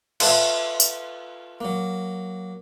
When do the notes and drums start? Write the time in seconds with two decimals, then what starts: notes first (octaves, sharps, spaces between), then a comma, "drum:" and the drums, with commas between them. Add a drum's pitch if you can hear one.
0.20 F4 A4 B4 E5 F5, drum: cymbal
0.80 drum: tambourine
1.61 F#3 A#3